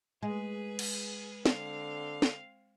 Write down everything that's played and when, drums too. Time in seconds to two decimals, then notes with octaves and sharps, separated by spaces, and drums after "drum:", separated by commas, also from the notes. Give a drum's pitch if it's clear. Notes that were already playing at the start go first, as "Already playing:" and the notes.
0.23 G#3 G#4 B4
0.79 drum: cymbal
1.46 D3 C4 F5, drum: snare
2.22 drum: snare